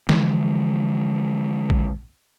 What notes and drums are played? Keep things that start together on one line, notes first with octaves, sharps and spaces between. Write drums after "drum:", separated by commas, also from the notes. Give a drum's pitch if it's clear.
D3 E3 F3 G#3, drum: snare
drum: kick